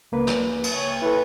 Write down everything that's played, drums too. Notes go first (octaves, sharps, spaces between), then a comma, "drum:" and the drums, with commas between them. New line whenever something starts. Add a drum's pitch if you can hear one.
C#2 A#3 B4
drum: snare
drum: cymbal
C#5
E4 A4 B4